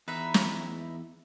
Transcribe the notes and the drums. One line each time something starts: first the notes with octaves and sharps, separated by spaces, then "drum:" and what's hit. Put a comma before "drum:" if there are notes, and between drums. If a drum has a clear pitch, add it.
E2 D#4 B4 E5
drum: snare